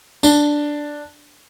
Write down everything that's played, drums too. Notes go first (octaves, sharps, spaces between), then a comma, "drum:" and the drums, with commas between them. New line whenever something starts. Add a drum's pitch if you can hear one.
D4, drum: tambourine